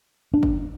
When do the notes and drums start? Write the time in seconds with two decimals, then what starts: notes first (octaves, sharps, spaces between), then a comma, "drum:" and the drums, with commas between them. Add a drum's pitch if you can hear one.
0.34 D4
0.43 drum: kick